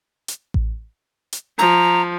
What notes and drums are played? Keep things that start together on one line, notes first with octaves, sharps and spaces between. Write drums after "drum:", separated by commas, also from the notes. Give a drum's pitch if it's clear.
drum: hi-hat
drum: kick A1
drum: hi-hat
F3 A#5